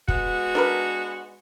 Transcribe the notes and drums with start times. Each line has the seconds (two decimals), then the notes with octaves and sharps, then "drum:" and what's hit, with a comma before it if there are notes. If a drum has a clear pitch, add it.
0.08 G#3 B3 F#4, drum: kick
0.55 D4 A#4 B4